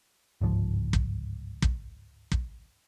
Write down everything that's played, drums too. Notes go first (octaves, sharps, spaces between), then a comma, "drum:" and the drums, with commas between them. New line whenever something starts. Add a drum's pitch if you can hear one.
G1 C#2 G#2 F3
drum: kick
drum: kick
drum: kick